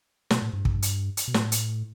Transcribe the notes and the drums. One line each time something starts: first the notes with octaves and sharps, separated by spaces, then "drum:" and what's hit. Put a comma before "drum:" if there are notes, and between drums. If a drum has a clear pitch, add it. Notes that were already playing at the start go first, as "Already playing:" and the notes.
B2, drum: snare
A2
G2
drum: kick
drum: hi-hat
drum: hi-hat
B2
A2, drum: snare
drum: hi-hat